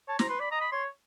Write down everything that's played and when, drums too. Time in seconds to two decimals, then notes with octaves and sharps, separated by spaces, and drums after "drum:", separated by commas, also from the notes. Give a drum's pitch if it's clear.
0.08 C#5 A5
0.19 C5 A#5, drum: snare
0.29 B4 C6
0.40 D5 B5
0.51 D#5 A#5
0.61 B5
0.72 C#5 C6